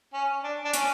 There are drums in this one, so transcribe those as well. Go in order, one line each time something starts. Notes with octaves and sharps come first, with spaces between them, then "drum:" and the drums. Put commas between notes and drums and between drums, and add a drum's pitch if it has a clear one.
C#4
D4
D4
C#4, drum: hi-hat